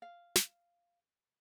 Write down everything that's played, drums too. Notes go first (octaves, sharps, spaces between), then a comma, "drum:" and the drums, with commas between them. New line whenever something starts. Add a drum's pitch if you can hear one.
F5
drum: snare